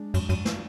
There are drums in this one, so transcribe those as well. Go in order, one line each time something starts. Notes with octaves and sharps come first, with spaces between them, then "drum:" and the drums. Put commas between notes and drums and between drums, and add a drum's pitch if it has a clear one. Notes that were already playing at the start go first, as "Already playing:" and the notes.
Already playing: G#3 D4
F#2, drum: cymbal
F#2, drum: cymbal
drum: snare